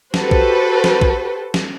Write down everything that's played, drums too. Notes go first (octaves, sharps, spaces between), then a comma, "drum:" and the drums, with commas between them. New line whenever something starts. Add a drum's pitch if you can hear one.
F#4 G4 A4 B4 C5, drum: snare
drum: kick
drum: snare
drum: kick
drum: snare